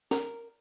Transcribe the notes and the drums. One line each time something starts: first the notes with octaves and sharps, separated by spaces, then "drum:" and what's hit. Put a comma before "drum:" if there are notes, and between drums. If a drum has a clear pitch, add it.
A#4, drum: snare